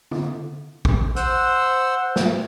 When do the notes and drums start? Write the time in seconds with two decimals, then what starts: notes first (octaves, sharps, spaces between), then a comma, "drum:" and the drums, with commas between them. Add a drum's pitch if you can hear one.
0.11 drum: tom
0.85 drum: kick
1.16 C5 F#5 E6, drum: hi-hat
2.16 drum: snare